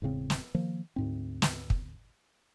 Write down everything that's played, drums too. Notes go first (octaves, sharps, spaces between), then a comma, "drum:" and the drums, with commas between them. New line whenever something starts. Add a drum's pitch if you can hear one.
E1 A2 C#3 C4
drum: snare
D#3 F3 A#3
D2 G#2 C4
drum: snare
drum: kick